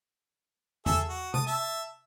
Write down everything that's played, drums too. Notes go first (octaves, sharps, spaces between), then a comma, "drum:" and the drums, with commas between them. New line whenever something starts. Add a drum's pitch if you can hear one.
G#4 A4 E5, drum: tom E2
F#4
A5 D#6, drum: tom
E5 A5